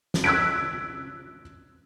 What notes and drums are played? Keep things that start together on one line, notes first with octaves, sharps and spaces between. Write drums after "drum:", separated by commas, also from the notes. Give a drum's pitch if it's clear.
drum: snare
E6 F#6 G#6 B6 D7